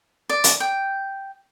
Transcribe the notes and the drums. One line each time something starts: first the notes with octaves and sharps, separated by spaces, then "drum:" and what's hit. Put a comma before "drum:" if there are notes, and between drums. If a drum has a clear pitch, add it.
D5
drum: hi-hat
G5